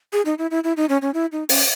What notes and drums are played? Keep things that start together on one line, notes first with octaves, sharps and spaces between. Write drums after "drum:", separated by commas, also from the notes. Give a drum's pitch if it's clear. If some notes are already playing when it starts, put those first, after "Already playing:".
G#4
D#4
E4
E4
E4
D#4
C#4
C#4
E4
D#4
C#4, drum: open hi-hat